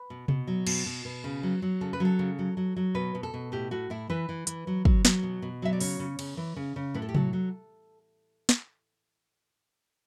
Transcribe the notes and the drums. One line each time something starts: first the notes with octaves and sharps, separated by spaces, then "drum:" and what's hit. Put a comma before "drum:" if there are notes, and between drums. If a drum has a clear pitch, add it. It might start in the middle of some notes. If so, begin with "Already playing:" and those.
Already playing: B4
B2
B2, drum: tom C3
F#3
B2, drum: cymbal
B2
B2
C#3
F#3
F#3
C#3 A4
B4
F#3 A4
C#3
F#3
F#3
F#3
B2 B4
B2
A4
B2
A2 G4
A2 F#4
A2 E4
E3 B4
E3
E3, drum: hi-hat
F#3
F#3, drum: kick
F#3, drum: snare
B2
B2
F#3 E5
D5
C#3 C#5, drum: open hi-hat
C#3
C#3, drum: cymbal
E3
C#3
C#3
A2 B4
A4
G4
F#3 A4, drum: tom C3
F#3
drum: snare